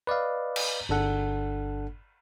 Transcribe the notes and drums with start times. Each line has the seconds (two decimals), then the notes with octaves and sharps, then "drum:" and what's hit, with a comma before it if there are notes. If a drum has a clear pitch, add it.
0.07 B4 D5 D#5 F5
0.56 drum: cymbal
0.89 G1 D4 A4 F#5